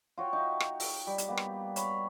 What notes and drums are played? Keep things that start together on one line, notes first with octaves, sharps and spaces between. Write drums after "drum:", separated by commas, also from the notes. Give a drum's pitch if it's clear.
F4 F#4 C#5 G5
D#4 E5
drum: rim click
drum: open hi-hat
G3
drum: hi-hat
A#3 B3
drum: rim click
C#5 B5, drum: hi-hat